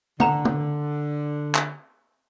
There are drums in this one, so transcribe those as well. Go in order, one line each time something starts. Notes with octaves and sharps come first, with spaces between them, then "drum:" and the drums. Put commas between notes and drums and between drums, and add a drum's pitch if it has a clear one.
D3 F#5 A#5 E7, drum: tom
drum: tom
drum: clap